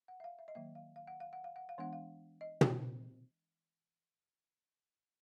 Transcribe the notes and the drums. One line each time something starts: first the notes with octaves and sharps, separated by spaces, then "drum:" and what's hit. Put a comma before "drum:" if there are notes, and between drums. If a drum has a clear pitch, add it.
F#5
E5
F5
E5
D#5
D#3 F#3 A#3 E5
F5
F5
F#5
F5
F#5
F5
F#5
F5
E3 G#3 B3 D4 F#5
F5
D#5
drum: tom